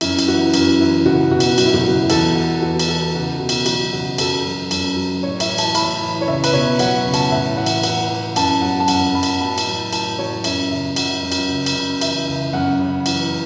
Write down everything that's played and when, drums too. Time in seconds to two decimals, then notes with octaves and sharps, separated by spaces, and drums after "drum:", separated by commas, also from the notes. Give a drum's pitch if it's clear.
0.01 F#2 E4, drum: cymbal
0.19 drum: cymbal
0.28 E3 F#4
0.54 F#2, drum: cymbal
0.80 E3 E4
1.05 C#2 F#4, drum: tom
1.31 B2 F#4
1.40 drum: cymbal
1.58 F#3 F#4, drum: cymbal
1.66 E4
1.74 F#4, drum: tom
1.83 C#2
2.10 E2 A4, drum: cymbal
2.35 E3 F#4
2.62 E2 F#4
2.79 drum: cymbal
2.89 E3 A4
3.14 C#2 F#4
3.40 B2 F#4
3.49 drum: cymbal
3.66 F#3 F#4, drum: cymbal
3.93 C#2 F#4
4.18 F#2 A4, drum: cymbal
4.45 F#3
4.71 F#2, drum: cymbal
4.97 F#3
5.23 A2 C#5
5.40 E5, drum: cymbal
5.49 E3
5.58 A5, drum: cymbal
5.75 A2 B5, drum: cymbal
6.01 E3
6.21 C#5
6.27 C#2 E5
6.44 B4, drum: cymbal
6.53 B2 C#5
6.79 F#3 F#5, drum: cymbal
7.05 C#2
7.14 A5, drum: cymbal
7.32 A2 E5
7.57 E3 F#5
7.66 drum: cymbal
7.83 A2 F#5, drum: cymbal
8.10 E3
8.36 F#2 A5, drum: cymbal
8.61 F#3 F#5
8.80 A5
8.88 F#2 F#5, drum: cymbal
9.14 F#3 B5
9.23 drum: cymbal
9.40 A2 A5
9.58 drum: cymbal
9.67 F#3
9.93 A2 A5, drum: cymbal
10.19 F#3 C#5
10.44 F#2 E5, drum: cymbal
10.71 C#3 E5
10.96 F#3 F#5, drum: cymbal
11.22 F#2
11.32 drum: cymbal
11.49 C#2
11.66 drum: cymbal
11.75 C#3
12.01 E3 E5, drum: cymbal
12.27 C#2
12.53 F#2 F#5
12.80 C#3
13.06 E3, drum: cymbal